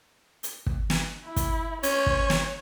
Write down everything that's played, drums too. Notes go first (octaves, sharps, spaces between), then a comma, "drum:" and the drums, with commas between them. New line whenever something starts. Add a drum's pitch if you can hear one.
drum: hi-hat
drum: kick
drum: snare
E4
drum: kick, hi-hat
C#4 C#5, drum: hi-hat
drum: kick
drum: snare